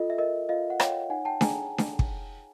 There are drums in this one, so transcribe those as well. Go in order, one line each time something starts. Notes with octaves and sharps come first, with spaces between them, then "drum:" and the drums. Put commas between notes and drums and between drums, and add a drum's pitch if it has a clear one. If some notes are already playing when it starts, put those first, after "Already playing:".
Already playing: F4 A4 D#5
E5
A#4 D#5
F4 D#5 F5
F#5
C#5 F5 G5, drum: rim click
D#4 F#5 G#5
G5 A5
G#4 G#5 A#5, drum: snare D4
drum: snare D4
drum: kick